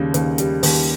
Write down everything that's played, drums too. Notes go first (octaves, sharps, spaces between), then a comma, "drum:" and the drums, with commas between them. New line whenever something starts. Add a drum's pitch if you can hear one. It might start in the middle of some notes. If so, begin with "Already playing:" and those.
Already playing: D#2 C#3 G3
D#2, drum: hi-hat
G3, drum: hi-hat
D#2, drum: open hi-hat